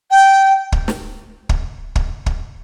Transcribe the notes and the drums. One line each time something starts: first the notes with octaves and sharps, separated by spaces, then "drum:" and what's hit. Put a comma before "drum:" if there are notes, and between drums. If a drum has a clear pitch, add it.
G5
drum: kick
drum: snare
drum: kick
drum: kick
drum: kick